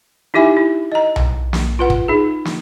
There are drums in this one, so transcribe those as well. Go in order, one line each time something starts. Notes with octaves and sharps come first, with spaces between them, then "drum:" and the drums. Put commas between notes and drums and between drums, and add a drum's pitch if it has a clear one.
D#4 E4 G4 E5 G#5
E4
D#5 A#5
drum: tom B1
drum: snare
F4 B4 F#5
drum: kick
D#4 G#4
drum: snare